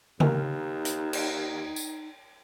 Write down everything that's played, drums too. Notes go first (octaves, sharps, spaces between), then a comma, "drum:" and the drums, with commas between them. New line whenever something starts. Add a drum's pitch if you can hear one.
D#2 A#4, drum: tom C#3
D#4
drum: hi-hat
drum: cymbal
drum: tambourine